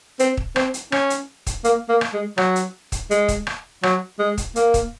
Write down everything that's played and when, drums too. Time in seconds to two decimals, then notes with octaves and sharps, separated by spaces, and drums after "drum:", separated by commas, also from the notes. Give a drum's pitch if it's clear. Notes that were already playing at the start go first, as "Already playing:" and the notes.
0.19 C4, drum: hi-hat
0.37 drum: kick
0.56 C4, drum: rim click
0.74 drum: hi-hat
0.92 C#4, drum: rim click
1.10 drum: hi-hat
1.47 drum: kick, hi-hat
1.64 A#3, drum: hi-hat
1.89 A#3
2.01 drum: rim click
2.14 G#3
2.38 F#3, drum: rim click
2.56 drum: hi-hat
2.92 drum: kick, hi-hat
3.11 G#3, drum: hi-hat
3.28 drum: kick, hi-hat
3.47 drum: rim click
3.83 F#3, drum: rim click
4.19 G#3
4.38 drum: kick, hi-hat
4.56 A#3, drum: hi-hat
4.74 drum: kick, hi-hat